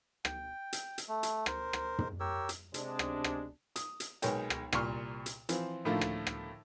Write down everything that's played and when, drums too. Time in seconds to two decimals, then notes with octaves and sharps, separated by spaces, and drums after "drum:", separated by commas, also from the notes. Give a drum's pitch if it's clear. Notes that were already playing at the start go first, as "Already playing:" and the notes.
0.25 G5, drum: rim click
0.73 drum: hi-hat
0.98 drum: hi-hat
1.08 A3
1.23 drum: hi-hat
1.46 A#4 C5, drum: rim click
1.73 drum: rim click
1.98 drum: tom
2.20 G4 A#4 C#5 E6
2.49 drum: hi-hat
2.74 C3 G#3 D4, drum: hi-hat
2.99 drum: rim click
3.24 drum: rim click
3.76 D#6, drum: hi-hat
4.00 drum: hi-hat
4.22 B1 G#3 A#4 C#5 G5, drum: hi-hat
4.50 drum: rim click
4.73 C2 A#2 C6 C#6 F6, drum: rim click
5.26 drum: hi-hat
5.49 E3 F3 C4, drum: hi-hat
5.85 A2 D3 D#3 F3 A3 A#3
6.01 drum: rim click
6.27 drum: rim click